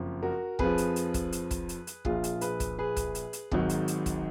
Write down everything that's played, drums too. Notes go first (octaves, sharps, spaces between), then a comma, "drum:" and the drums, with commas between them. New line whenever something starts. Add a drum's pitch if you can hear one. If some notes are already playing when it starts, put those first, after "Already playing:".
Already playing: F#1 F2 F3
F#4 A#4
F2 F3 G#4 B4, drum: kick
drum: hi-hat
drum: hi-hat
drum: kick, hi-hat
drum: hi-hat
drum: kick, hi-hat
drum: hi-hat
drum: hi-hat
A#1 A#2 F3 F4 G#4, drum: kick
drum: hi-hat
G#4 B4, drum: hi-hat
drum: kick, hi-hat
G#4 B4
drum: kick, hi-hat
drum: hi-hat
drum: hi-hat
G#1 G#2 D#3 F#3, drum: kick
drum: hi-hat
drum: hi-hat
drum: kick, hi-hat